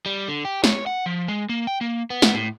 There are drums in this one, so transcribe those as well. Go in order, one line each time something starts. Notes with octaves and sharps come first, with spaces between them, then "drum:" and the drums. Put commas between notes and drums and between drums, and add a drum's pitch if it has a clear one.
G3
D3
G4
C#5, drum: snare
F#5
F3
G#3
A#3
G5
A#3
B3
drum: snare
A2